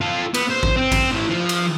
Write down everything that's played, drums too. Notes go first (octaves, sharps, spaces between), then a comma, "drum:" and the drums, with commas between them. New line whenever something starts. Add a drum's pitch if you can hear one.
F4 A4
B3, drum: cymbal
C5
drum: kick
C4
drum: kick, cymbal
A2 E3
F3
drum: cymbal